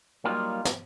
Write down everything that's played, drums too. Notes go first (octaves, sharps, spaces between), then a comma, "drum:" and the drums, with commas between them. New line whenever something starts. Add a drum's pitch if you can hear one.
F#3 G3 A#3 D#4 F4
drum: snare